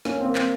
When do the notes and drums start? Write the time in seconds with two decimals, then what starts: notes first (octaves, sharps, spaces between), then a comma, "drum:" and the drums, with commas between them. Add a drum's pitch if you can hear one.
0.05 A#3 C#4, drum: snare
0.21 A#3 C4
0.35 C4, drum: clap